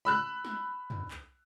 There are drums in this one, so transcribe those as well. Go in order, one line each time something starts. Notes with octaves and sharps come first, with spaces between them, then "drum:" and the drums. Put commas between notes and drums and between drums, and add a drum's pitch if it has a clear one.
B5 E6 F#6
drum: snare
drum: tom
drum: clap